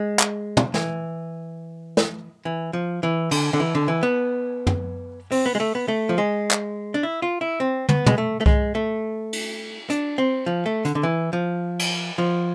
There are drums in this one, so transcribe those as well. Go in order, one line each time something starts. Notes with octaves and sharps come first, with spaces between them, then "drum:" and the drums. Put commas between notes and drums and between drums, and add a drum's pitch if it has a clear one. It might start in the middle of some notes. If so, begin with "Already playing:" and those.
Already playing: G#3
drum: clap
drum: tom
E3, drum: snare
drum: snare
E3
F3
E3
D3, drum: cymbal
D3
E3
D3
E3
B3
drum: tom
C4, drum: open hi-hat
B3
G#3
A3
B3
A3
F3
G#3
drum: clap
D4
E4
F4
E4
C4
B3, drum: tom
G#3, drum: tom
A3
A3
G#3, drum: kick C2
A3
drum: cymbal
D4, drum: hi-hat
C4
F3
A3
D3, drum: hi-hat
D3
E3
F3
drum: cymbal
F3